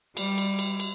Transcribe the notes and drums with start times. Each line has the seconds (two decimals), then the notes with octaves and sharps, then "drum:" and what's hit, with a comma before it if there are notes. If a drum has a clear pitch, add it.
0.17 G3, drum: cymbal
0.38 drum: cymbal
0.59 drum: cymbal
0.80 drum: cymbal